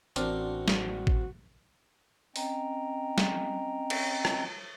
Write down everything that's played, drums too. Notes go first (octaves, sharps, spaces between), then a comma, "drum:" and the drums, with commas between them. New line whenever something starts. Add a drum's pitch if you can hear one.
A1 C4 D4 F#4 A#4, drum: hi-hat
drum: snare
drum: kick
C4 C#4 D#5 G5 A#5, drum: open hi-hat
drum: snare
drum: cymbal
drum: rim click